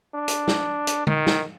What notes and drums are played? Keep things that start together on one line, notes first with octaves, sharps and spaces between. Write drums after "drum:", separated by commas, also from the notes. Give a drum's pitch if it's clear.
D4
drum: hi-hat
drum: snare
drum: hi-hat
D#3, drum: tom D3
drum: snare